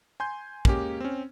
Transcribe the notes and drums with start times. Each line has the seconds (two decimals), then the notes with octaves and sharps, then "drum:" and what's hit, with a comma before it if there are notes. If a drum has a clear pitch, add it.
0.20 G#5 C6 G6
0.65 G#3 A#3 C#4 G4, drum: kick
1.00 C4 C#4